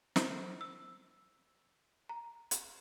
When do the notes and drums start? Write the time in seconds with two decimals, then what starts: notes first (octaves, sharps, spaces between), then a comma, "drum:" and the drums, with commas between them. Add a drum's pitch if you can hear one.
0.16 C5, drum: snare
0.61 E6
2.09 A#5
2.51 drum: hi-hat